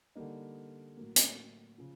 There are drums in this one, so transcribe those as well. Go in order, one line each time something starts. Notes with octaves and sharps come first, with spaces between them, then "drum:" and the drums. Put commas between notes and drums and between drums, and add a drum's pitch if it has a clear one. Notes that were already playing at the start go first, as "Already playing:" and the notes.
D3 G3 A#3 D#4
A2 F#3 A#3
drum: hi-hat
C#3 F3